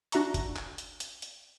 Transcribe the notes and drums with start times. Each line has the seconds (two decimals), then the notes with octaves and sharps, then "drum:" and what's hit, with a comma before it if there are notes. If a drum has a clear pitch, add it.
0.12 D4 F#4 E5 A#5 C#6, drum: hi-hat
0.34 drum: kick, hi-hat
0.56 drum: clap
0.78 drum: hi-hat
1.00 drum: hi-hat
1.22 drum: hi-hat